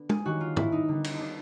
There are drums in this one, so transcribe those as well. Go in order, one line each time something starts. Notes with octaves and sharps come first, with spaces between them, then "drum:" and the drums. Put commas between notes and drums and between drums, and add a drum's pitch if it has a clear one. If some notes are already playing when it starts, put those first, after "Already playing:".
Already playing: D3 B3
G#4, drum: tom
D#3 G3 A#3 C#4 F#4
F4
E4, drum: tom
D#4
D3 G3 B3
drum: cymbal
D#4
D4